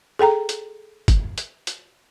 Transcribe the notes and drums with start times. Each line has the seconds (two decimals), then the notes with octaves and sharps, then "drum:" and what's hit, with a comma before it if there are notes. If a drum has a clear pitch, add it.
0.19 G#4 A4 G5 A#5
0.49 drum: hi-hat
1.08 drum: kick, hi-hat
1.38 drum: hi-hat
1.67 drum: hi-hat